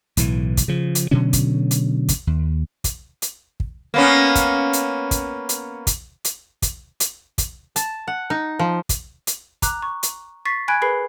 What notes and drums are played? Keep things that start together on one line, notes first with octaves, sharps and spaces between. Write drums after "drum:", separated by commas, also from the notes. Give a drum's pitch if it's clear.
B1 A2 E3, drum: hi-hat
drum: kick, hi-hat
C#3 F3
drum: hi-hat
B2 D3 F#3 C#4
drum: kick, hi-hat
drum: hi-hat
drum: kick, hi-hat
D#2
drum: kick, hi-hat
drum: hi-hat
drum: kick
A#3 B3 C#4
drum: kick, hi-hat
drum: hi-hat
drum: kick, hi-hat
drum: hi-hat
drum: kick, hi-hat
drum: hi-hat
drum: kick, hi-hat
drum: hi-hat
drum: kick, hi-hat
A5, drum: hi-hat
F#5
D#4
F3
drum: kick, hi-hat
drum: hi-hat
A#5 D6 F#6, drum: kick, hi-hat
C#6
drum: hi-hat
C#6 A6 B6 C7
G#5 B5 F#6 G#6 D7
G#4 A#4 B4 B5 C7